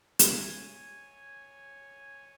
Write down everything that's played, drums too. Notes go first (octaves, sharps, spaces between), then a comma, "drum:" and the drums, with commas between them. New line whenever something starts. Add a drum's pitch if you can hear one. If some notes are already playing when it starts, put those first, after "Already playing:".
C#5 G#5, drum: hi-hat